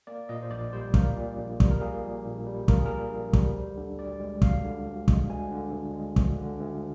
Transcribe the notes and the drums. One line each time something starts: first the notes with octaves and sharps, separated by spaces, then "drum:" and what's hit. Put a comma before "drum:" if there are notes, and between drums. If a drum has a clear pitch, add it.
A#3 D5
A#2 D#5
C5
A#1 D5
G3 C5
A#3 A#4, drum: kick
A#2
A#1
G3, drum: kick
A#4
A#3 G#4
A#2
A#1
G3
A#3 A#4, drum: kick
G#4
A#2 A#4
A#1
G3, drum: kick
D2 C5
D3
D2 D5
G#3
D2 F5, drum: kick
D3
D2
G#3, drum: kick
D2 G#5
D3
D2
G#3
D2, drum: kick
D3
D2